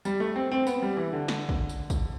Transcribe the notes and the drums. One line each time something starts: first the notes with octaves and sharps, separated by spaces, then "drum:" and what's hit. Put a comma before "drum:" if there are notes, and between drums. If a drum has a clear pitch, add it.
G3, drum: tambourine
A3
C4
C4
B3, drum: tambourine
G3
E3
D3
drum: snare
drum: kick
drum: tambourine
drum: kick, tambourine